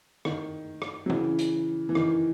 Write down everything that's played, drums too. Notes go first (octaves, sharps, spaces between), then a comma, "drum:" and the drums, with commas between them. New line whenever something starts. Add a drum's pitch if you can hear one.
D#3, drum: rim click
drum: rim click
F#3
C#3 E3, drum: tom E3
drum: hi-hat
E3
D#3, drum: rim click